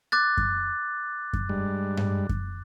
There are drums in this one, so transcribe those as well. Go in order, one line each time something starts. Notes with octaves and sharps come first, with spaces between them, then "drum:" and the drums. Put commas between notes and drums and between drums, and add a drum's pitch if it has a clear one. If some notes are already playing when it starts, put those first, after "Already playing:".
D6 F#6 A6
drum: kick F#2
drum: kick F#2
G2 G3 G#3
drum: tom G2
drum: kick F#2